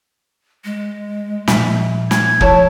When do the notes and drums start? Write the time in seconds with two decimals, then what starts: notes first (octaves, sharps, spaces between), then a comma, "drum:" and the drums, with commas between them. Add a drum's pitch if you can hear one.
0.64 G#3
1.48 A#2 F3 E5, drum: snare
2.11 G#6, drum: snare
2.40 F3 E4 C#5 A5, drum: kick